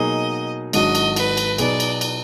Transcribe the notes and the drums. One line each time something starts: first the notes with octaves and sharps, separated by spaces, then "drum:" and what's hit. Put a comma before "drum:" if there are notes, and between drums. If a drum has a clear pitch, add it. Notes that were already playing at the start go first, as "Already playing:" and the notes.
Already playing: B2 F#3 A#3 D#4 G#4 D#5
G#1 G#2 F#3 D4 F#4 D#5, drum: cymbal
drum: cymbal
B4, drum: cymbal
drum: cymbal
B2 F#3 B3 D#4 G#4 D5, drum: cymbal
drum: cymbal
drum: cymbal